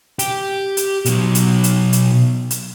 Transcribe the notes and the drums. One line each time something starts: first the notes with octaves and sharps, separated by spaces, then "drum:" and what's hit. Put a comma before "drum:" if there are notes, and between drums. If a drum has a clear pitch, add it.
G4, drum: hi-hat
drum: hi-hat
B2 F#3, drum: hi-hat
drum: hi-hat
drum: hi-hat
drum: hi-hat
drum: hi-hat